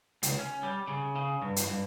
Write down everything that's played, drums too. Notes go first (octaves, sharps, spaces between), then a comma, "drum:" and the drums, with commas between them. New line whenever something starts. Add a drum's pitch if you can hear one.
C#2, drum: hi-hat
C#4
G3
C#3
C#3
G2
drum: hi-hat
G2